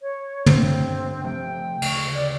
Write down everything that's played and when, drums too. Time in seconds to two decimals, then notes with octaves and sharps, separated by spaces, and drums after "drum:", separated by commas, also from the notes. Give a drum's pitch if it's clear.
0.01 C#5
0.46 G2 D3 C4 D4, drum: tom
1.24 C3 F3 A3 G5
1.82 D2 C#3, drum: cymbal
2.14 D5